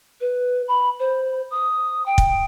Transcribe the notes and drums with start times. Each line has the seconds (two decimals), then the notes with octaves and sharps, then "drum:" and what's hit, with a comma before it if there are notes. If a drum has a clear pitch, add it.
0.21 B4
0.68 B5
0.99 C5
1.51 D#6
2.06 G5
2.18 drum: kick